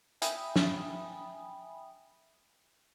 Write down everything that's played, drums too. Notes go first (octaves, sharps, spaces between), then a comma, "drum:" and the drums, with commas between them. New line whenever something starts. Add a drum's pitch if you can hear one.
E5 G5 G#5 B5 D#6, drum: hi-hat
drum: snare